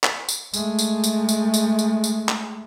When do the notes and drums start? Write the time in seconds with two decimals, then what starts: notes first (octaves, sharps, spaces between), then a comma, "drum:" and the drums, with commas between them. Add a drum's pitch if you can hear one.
0.04 drum: clap
0.29 drum: tambourine
0.54 G#3 A3, drum: tambourine
0.79 drum: tambourine
1.04 drum: tambourine
1.29 drum: tambourine
1.54 drum: tambourine
1.79 drum: tambourine
2.04 drum: tambourine
2.29 drum: clap